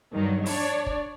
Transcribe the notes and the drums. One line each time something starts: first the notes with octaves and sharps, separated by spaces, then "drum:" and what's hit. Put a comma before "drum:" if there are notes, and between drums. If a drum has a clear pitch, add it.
G2 D#3 F#3
D4 C#5 D5, drum: open hi-hat
drum: kick